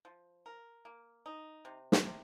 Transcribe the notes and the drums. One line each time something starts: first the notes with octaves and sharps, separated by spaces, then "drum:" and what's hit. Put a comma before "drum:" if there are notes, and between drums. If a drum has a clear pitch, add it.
F3
A#4
A#3
D#4
C3
drum: snare
C3